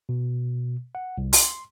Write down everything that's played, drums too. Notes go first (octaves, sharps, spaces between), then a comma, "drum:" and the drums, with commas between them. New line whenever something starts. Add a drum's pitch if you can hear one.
B2
F#5
C2
C6, drum: open hi-hat